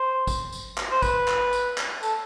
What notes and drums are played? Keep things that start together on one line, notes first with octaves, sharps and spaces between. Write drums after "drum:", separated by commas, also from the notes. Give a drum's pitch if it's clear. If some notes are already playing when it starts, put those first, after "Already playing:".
Already playing: C5
drum: kick, tambourine
drum: tambourine
drum: clap
C5
B4, drum: kick, tambourine
drum: clap
drum: tambourine
drum: clap
A4, drum: tambourine